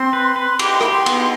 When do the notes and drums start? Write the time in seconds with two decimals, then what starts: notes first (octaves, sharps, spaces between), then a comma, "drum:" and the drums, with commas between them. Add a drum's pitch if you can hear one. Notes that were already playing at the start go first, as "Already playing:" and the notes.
Already playing: C4 C6
0.13 B4
0.36 B4
0.59 G4 D6, drum: cymbal
0.70 C6
0.81 G4 B5, drum: rim click
0.91 C6
1.06 B3, drum: cymbal